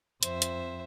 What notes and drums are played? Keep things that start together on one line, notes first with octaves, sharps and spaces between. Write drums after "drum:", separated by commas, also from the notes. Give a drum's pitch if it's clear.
F2 C5 E5, drum: hi-hat
drum: hi-hat